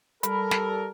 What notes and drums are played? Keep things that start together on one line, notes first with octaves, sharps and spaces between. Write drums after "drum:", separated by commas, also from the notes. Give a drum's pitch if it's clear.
G3 A4 A#4 B5, drum: hi-hat
drum: snare